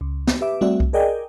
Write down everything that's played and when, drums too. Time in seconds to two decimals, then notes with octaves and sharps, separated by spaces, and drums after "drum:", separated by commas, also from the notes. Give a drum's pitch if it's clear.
0.01 C#2
0.27 drum: snare
0.41 G4 B4 E5 D6
0.61 G3 A3 C4 F#4 D5 E5
0.80 drum: kick C2
0.93 G#4 A#4 D5 D#5 G5 G#5